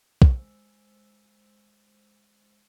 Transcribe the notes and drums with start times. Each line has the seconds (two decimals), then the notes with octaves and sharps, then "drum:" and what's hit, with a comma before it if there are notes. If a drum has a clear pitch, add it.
0.22 G#3 C5 E6, drum: kick